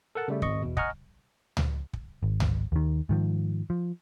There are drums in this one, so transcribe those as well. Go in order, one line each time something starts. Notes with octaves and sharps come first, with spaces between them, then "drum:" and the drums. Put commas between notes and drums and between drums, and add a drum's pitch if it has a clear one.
A4 A#4 F#5 A5
C#3 G3 A3
G#1 D#5 C#6, drum: kick
E2 B2
D#5 F#5 G#5 A#5 C#6 F6, drum: kick
drum: tom C#2
drum: kick
G#1
drum: tom C#2
D#2 D#3
G#2 D#3 F3
F3